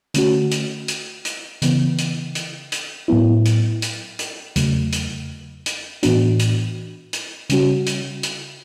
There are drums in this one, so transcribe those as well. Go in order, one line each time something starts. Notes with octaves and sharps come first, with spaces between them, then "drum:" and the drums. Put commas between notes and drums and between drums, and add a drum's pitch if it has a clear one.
D3 A3 C#4 F#4, drum: hi-hat
drum: hi-hat
drum: hi-hat
drum: hi-hat
C#3 E3 B3, drum: hi-hat
drum: hi-hat
drum: hi-hat
drum: hi-hat
A2 F#3 B3 E4
drum: hi-hat
drum: hi-hat
drum: hi-hat
E2 C#3 F#3 A3, drum: hi-hat
drum: hi-hat
drum: hi-hat
A2 E3 B3 D4 F#4, drum: hi-hat
drum: hi-hat
drum: hi-hat
C#3 G3 C#4 F#4, drum: hi-hat
drum: hi-hat
drum: hi-hat